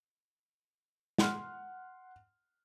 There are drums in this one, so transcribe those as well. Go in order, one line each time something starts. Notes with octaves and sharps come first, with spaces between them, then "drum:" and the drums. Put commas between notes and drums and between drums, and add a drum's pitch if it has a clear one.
F#5 C6 F6, drum: snare